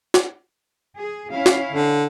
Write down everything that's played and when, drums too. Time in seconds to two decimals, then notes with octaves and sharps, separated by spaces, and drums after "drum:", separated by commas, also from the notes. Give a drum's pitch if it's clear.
0.14 drum: snare
0.98 G#4
1.31 C#4 E4 F5
1.46 drum: snare
1.72 D3